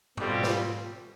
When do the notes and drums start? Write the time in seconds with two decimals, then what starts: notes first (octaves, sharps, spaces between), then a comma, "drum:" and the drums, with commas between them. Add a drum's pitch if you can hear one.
0.17 B2 G3 C4 F4 G4 A4, drum: tom G#2
0.43 drum: snare